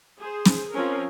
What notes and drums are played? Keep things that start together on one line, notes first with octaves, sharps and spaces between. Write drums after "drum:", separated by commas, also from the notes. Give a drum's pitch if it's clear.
G#4 C5
drum: snare
F3 C4 C#4 A#4